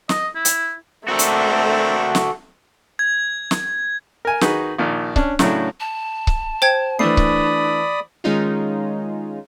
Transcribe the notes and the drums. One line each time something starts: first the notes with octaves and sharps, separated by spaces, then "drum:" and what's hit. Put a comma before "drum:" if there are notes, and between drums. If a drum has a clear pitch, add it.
D#5, drum: snare
E4
drum: hi-hat
A3 C4 D4 F#4 A4 A#4
drum: hi-hat
drum: snare
G#6
drum: snare
A#4 G#5
D#3 D#4 F#4 G#4 B4, drum: snare
A#1 A#2 D#3
C#4 D4, drum: kick C#1
A2 C#3 F#3 A3 D4 E4, drum: snare
A5
drum: kick C#1
C5 G5 G#6
E3 A3 D4 D5 B5 D#6 C7
drum: kick C#1
D#3 G#3 C#4 D#4 F4